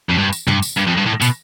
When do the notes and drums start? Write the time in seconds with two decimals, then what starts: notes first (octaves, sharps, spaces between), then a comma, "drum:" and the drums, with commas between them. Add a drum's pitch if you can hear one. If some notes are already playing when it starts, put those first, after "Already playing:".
0.09 F2
0.17 G2
0.33 drum: tambourine
0.48 G2, drum: tom
0.62 drum: tambourine
0.77 G2
0.87 F2
0.98 G2
1.07 A2
1.22 B2, drum: tambourine